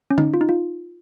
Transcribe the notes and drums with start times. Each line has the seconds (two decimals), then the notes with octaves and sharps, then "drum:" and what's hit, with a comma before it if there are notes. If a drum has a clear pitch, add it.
0.11 C#4
0.18 D#4, drum: tom
0.34 F4
0.41 D#4
0.49 F4